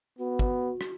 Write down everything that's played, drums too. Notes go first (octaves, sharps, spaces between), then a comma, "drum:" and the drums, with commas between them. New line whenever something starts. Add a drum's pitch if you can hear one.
B3 F#4
drum: kick
drum: rim click